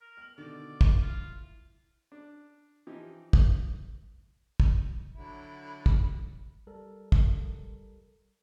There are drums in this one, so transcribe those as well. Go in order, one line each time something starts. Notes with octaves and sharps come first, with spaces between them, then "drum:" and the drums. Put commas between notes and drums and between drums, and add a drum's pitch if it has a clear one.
A#4
F6 F#7
B2 D3 D#3 D5
drum: kick
E4 F4
D4
E3 F3 D#4 G4
drum: kick
drum: kick
D3 F#3 E4 B5
drum: kick
G3 A4 A#4
drum: kick